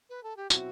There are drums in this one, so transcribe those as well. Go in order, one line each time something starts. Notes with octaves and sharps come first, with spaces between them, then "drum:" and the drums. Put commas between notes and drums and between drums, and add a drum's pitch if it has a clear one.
B4
A4
G4
B2 F#3 C4 E4 F#4, drum: tambourine